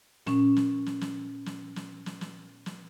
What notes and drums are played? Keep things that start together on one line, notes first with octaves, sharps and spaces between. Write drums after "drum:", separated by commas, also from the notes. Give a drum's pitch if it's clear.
A#2 C#4, drum: snare
drum: snare
drum: snare
drum: snare
drum: snare
drum: snare
drum: snare
drum: snare
drum: snare